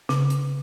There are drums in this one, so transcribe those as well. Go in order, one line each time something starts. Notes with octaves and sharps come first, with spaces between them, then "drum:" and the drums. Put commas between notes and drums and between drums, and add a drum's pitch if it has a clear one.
C#3, drum: snare
drum: hi-hat